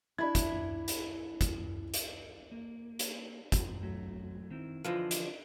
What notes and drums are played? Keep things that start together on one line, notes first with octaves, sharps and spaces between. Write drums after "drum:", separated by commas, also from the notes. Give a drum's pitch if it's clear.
D4 E4 B5 G#6
drum: kick, hi-hat
drum: hi-hat
drum: kick, hi-hat
drum: hi-hat
A#3
drum: hi-hat
drum: kick, hi-hat
F#3 A3
D#3 C4 E4
D3 E3 F3 D4 C5 D#5
drum: hi-hat